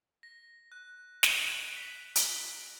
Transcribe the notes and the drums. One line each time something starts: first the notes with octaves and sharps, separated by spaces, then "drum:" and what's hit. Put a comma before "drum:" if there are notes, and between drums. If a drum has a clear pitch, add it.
A#6
F#6
drum: snare
B6
drum: hi-hat